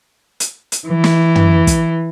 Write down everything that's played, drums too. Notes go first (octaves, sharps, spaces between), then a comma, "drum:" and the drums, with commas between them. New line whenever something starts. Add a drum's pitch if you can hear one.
drum: hi-hat
drum: hi-hat
E3
drum: snare
drum: tom
drum: kick, hi-hat